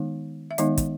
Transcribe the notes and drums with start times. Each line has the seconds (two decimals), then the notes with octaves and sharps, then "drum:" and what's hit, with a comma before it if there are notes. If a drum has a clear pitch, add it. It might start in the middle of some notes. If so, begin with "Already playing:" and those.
Already playing: D#3 G#3 B3 D#4
0.51 E5
0.58 D#3 G#3 B3 D#4 D#5, drum: hi-hat
0.77 drum: kick, hi-hat